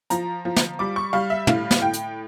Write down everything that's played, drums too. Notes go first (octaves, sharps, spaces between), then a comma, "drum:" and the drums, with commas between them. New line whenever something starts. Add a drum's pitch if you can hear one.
F3 A#5, drum: hi-hat
F3
drum: snare
G3 D6
C#6
G3 F5
E5
A2 F5, drum: tom
drum: snare
A2 G5
drum: hi-hat